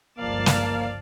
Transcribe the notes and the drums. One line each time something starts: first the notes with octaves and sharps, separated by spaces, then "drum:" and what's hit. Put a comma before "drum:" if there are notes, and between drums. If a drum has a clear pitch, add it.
G1 C#2 F3 A#3 D5 F5 A5
drum: snare